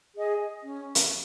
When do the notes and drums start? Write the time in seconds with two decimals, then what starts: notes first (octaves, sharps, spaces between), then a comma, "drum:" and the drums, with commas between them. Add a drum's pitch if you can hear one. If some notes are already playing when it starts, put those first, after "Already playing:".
0.17 G#4 D#5
0.64 C#4
0.95 drum: hi-hat